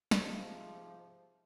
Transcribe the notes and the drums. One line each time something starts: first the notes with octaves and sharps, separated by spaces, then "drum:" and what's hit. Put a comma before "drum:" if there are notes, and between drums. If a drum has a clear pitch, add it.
drum: snare
G#2 C3 F3